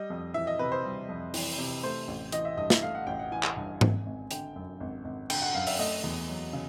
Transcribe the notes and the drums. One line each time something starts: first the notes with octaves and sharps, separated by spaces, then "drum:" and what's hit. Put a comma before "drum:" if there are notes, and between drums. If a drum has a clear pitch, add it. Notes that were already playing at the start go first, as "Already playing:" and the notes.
Already playing: G3 D#5
F2
E3 E5
D#5
C3 B4
C5
G3
F2
E3, drum: open hi-hat
C3
A3 C5
A1
E3 D#5, drum: hi-hat
E5
G2 D#5
E5, drum: snare
A3 F5
F#5
A1 G5
F#5
E3 G#5
drum: clap
G2
G#1, drum: tom G#2
G#1
D3 G5, drum: hi-hat
F#2
G#1
G#1
D3 G5, drum: cymbal
F#5
F#2 F5
E5, drum: open hi-hat
A3 D#5
E2
F#3
C#3